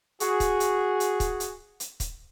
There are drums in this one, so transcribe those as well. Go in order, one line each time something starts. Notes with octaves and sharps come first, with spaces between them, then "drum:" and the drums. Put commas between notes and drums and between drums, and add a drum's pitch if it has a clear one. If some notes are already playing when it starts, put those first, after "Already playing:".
F#4 G#4, drum: hi-hat
drum: kick, hi-hat
drum: hi-hat
drum: hi-hat
drum: kick, hi-hat
drum: hi-hat
drum: hi-hat
drum: kick, hi-hat